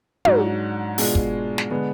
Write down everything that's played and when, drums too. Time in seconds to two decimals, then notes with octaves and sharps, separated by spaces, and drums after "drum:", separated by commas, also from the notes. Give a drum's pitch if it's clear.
0.25 G#2 F#3 D4 F#4, drum: tom
0.98 B2 G#3 D4 F4, drum: open hi-hat
1.15 drum: kick
1.58 drum: snare
1.71 D3 G#3 B3